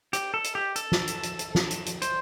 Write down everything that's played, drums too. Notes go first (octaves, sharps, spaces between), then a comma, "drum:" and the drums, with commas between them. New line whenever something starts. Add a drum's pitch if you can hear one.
G4, drum: hi-hat
A4
drum: hi-hat
G4
A4, drum: hi-hat
drum: snare
drum: hi-hat
drum: hi-hat
drum: hi-hat
drum: snare
drum: hi-hat
drum: hi-hat
C5, drum: hi-hat